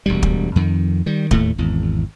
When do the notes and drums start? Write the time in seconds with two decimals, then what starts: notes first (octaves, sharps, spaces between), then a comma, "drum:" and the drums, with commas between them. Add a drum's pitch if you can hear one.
0.06 E1 D2 G3
0.23 drum: kick
0.56 F2 D#3
1.06 D#3 G3
1.31 D#2 A2 A3, drum: kick
1.58 G#1 E2